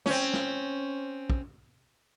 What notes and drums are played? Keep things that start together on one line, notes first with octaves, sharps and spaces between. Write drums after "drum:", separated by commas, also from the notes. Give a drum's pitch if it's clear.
C4 C#4, drum: snare
drum: snare
drum: kick